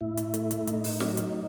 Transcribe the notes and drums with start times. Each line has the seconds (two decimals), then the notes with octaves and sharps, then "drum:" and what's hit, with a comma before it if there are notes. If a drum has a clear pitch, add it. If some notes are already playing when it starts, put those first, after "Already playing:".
0.01 A2 E4
0.17 drum: hi-hat
0.34 A3, drum: hi-hat
0.51 drum: hi-hat
0.67 A2 D#4, drum: hi-hat
0.84 drum: open hi-hat
1.00 F#3, drum: snare
1.17 drum: hi-hat